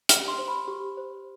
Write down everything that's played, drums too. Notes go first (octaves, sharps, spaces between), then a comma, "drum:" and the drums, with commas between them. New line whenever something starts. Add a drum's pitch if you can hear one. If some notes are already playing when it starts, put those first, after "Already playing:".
G4 F6, drum: hi-hat
C6
C5
B5
G4
C5